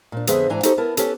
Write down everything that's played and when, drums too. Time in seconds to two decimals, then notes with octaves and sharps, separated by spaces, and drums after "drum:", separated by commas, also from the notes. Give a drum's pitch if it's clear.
0.12 A#2 D4
0.27 F2 D3 B3 G#4 C5 E5, drum: hi-hat
0.49 G#2 E3 D4 G#5 A#5
0.63 D#4 F#4 G4 A4 C5, drum: hi-hat
0.77 B3 E4 A#4 A5
0.97 C#4 G4 A4 B4, drum: hi-hat